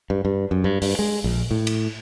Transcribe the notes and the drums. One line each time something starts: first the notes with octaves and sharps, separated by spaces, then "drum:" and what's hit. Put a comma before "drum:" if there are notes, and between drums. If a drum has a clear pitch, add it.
G2
G2
F#2
G2
G2, drum: open hi-hat
G#3
A#1
A2
drum: cymbal